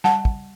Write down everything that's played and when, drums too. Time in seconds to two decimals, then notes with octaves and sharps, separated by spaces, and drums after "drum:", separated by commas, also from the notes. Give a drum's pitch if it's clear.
0.04 G3 F#5 A5, drum: snare
0.25 drum: kick